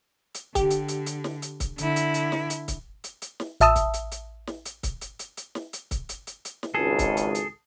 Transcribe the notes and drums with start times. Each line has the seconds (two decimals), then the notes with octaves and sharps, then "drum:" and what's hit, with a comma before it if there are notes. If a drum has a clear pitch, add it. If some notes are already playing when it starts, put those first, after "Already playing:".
0.34 drum: hi-hat
0.55 D3 G4, drum: kick C#1, hi-hat
0.70 drum: hi-hat
0.88 drum: hi-hat
1.06 drum: hi-hat
1.24 drum: snare
1.42 drum: hi-hat
1.60 drum: kick C#1, hi-hat
1.78 D3 E4, drum: hi-hat
1.96 drum: hi-hat
2.14 drum: hi-hat
2.32 drum: snare
2.50 drum: hi-hat
2.68 drum: kick C#1, hi-hat
3.04 drum: hi-hat
3.22 drum: hi-hat
3.40 drum: snare
3.60 A1 E5 A5 D#6 E6, drum: hi-hat
3.76 drum: kick C#1, hi-hat
3.94 drum: hi-hat
4.11 drum: hi-hat
4.47 drum: snare
4.65 drum: hi-hat
4.83 drum: kick C#1, hi-hat
5.01 drum: hi-hat
5.19 drum: hi-hat
5.37 drum: hi-hat
5.55 drum: snare
5.73 drum: hi-hat
5.91 drum: kick C#1, hi-hat
6.09 drum: hi-hat
6.27 drum: hi-hat
6.45 drum: hi-hat
6.63 drum: snare
6.75 G#1 C#2 G#4 A4
6.99 drum: kick C#1, hi-hat
7.17 drum: hi-hat
7.35 drum: hi-hat